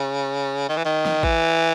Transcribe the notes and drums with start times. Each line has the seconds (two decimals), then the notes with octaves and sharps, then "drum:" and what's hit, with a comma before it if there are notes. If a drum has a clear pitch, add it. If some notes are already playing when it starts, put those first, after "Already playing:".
Already playing: C#3
0.69 D#3
0.77 E3
0.85 D#3
1.05 drum: snare
1.23 E3, drum: kick A1